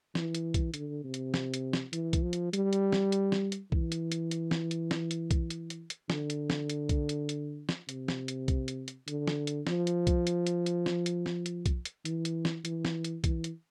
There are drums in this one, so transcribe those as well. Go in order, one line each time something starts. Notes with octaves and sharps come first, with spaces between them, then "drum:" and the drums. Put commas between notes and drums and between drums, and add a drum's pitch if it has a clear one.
E3, drum: snare
drum: hi-hat
drum: kick B1, hi-hat
D3, drum: hi-hat
C3
drum: hi-hat
drum: snare
drum: hi-hat
drum: snare
E3, drum: hi-hat
drum: kick B1, hi-hat
F3
drum: hi-hat
G3, drum: hi-hat
drum: hi-hat
drum: snare
drum: hi-hat
drum: snare
drum: hi-hat
E3, drum: kick B1
drum: hi-hat
drum: hi-hat
drum: hi-hat
drum: snare
drum: hi-hat
drum: snare
drum: hi-hat
drum: kick B1, hi-hat
drum: hi-hat
drum: hi-hat
drum: hi-hat
D3, drum: snare
drum: hi-hat
drum: snare
drum: hi-hat
drum: kick B1, hi-hat
drum: hi-hat
drum: hi-hat
drum: snare
C3, drum: hi-hat
drum: snare
drum: hi-hat
drum: kick B1, hi-hat
drum: hi-hat
drum: hi-hat
D3, drum: hi-hat
drum: snare
drum: hi-hat
F3, drum: snare
drum: hi-hat
drum: kick B1, hi-hat
drum: hi-hat
drum: hi-hat
drum: hi-hat
drum: snare
drum: hi-hat
drum: snare
drum: hi-hat
drum: kick B1, hi-hat
drum: hi-hat
E3, drum: hi-hat
drum: hi-hat
drum: snare
E3, drum: hi-hat
drum: snare
drum: hi-hat
E3, drum: kick B1, hi-hat
drum: hi-hat